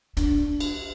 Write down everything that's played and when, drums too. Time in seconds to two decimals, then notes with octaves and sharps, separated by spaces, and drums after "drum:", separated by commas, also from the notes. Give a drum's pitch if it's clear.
0.17 D4, drum: hi-hat
0.60 drum: cymbal